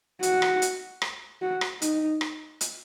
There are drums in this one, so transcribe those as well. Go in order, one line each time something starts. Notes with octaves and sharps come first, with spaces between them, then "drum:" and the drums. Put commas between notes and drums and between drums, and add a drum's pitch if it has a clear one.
F#4, drum: hi-hat
drum: rim click
drum: hi-hat
drum: rim click
F#4
drum: rim click
D#4, drum: hi-hat
drum: rim click
drum: hi-hat